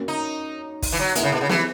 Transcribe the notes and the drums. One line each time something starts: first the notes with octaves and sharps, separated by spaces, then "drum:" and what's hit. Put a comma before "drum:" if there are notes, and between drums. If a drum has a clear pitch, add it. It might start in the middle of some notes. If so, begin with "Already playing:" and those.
Already playing: A#3 C#4 F#4
D#4
drum: kick, open hi-hat
E3
F#3
G#3 A#3 E4 G#4 B4 E5, drum: hi-hat
C#3
B2
C#3
E3, drum: snare